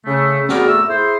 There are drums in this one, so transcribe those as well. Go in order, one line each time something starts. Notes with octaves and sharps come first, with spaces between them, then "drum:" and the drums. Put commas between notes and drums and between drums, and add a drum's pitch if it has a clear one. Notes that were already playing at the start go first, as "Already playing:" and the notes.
C#3 A3
F#4 G#4 A#4 D5, drum: snare
A3 E6
E4 G#4 C5